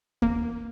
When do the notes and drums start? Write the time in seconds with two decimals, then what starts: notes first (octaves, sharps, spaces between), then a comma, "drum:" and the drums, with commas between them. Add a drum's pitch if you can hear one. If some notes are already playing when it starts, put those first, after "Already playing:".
0.22 A#3, drum: kick D#2